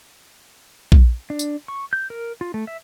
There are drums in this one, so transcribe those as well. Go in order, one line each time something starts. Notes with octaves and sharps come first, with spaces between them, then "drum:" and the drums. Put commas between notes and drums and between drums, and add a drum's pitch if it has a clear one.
drum: kick
D4
drum: tambourine
C#6
G6
A#4
F4
A3
E5